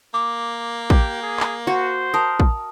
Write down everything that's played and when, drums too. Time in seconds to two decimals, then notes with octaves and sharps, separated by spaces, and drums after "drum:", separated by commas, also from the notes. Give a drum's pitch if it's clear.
0.14 A#3 D6
0.90 G4, drum: kick
1.22 G#4
1.40 drum: clap
1.67 F#4 C5
2.14 A#4 A5 D#6
2.40 drum: kick